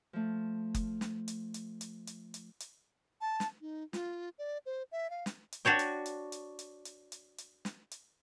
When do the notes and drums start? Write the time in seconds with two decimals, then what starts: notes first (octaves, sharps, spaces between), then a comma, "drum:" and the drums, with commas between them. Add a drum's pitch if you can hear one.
0.13 F3 A3
0.75 drum: kick F#1, hi-hat
1.01 drum: snare
1.28 drum: hi-hat
1.54 drum: hi-hat
1.81 drum: hi-hat
2.07 drum: hi-hat
2.34 drum: hi-hat
2.60 drum: hi-hat
3.21 A5
3.40 drum: snare
3.61 D#4
3.93 F4, drum: snare
4.38 D5
4.66 C5
4.92 E5
5.10 F5
5.26 drum: snare
5.52 drum: hi-hat
5.65 D4 F#4 C#5 G5
5.79 drum: hi-hat
6.06 drum: hi-hat
6.32 drum: hi-hat
6.59 drum: hi-hat
6.85 drum: hi-hat
7.12 drum: hi-hat
7.38 drum: hi-hat
7.65 drum: snare
7.91 drum: hi-hat